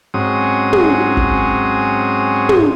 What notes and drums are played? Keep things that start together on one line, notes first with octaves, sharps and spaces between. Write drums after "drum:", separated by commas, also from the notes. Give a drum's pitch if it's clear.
G#2 F#3 C4 C#4 D#6
drum: tom
drum: kick G1
drum: tom